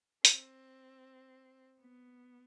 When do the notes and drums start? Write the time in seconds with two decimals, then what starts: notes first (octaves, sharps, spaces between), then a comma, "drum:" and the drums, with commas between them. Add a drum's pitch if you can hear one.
0.25 C4, drum: hi-hat
1.80 B3